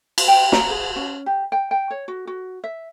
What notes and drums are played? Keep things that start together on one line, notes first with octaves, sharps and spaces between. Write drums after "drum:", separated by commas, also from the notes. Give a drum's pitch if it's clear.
drum: cymbal
G5
A#5, drum: snare
G#4
C#4
G4
G5
G5
C#5
F#4
F#4
E5